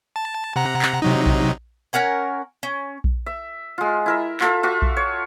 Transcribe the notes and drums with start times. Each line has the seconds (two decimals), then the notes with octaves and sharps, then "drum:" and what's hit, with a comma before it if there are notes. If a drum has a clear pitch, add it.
0.16 A5
0.56 C3 F#5 A#5
0.82 drum: clap
1.02 C3 F#3 D#4
1.26 drum: kick A#1
1.93 C#4 A#4 F#5 G#5
2.63 C#4
3.04 drum: kick A#1
3.26 E5
3.78 G#3 F4
4.06 E4 A#4 E5
4.40 F4 A4 E5, drum: clap
4.63 F4 F#4 E5
4.82 drum: kick A#1
4.97 C#5